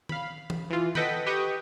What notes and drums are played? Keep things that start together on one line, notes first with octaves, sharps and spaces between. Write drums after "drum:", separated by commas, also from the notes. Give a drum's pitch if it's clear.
F5 B5, drum: tom D#3
drum: tom E3
E3 F4
A4 B4 D#5 F#5 G5 B5, drum: tom D#3
G4 B4 D#5 G5 C#6 D#6